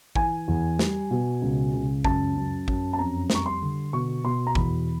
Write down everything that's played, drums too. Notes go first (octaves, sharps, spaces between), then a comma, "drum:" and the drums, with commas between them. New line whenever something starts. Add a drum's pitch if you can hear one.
E3 G#5, drum: kick
E2
G3, drum: snare
B2
C#2
C#2
F#2 A5, drum: kick
F#2
F#2, drum: kick
A5
F2 A#5
G3, drum: snare
C#6
C6
D3
B2 C#6
B2 C6
A#5
E2 B5, drum: kick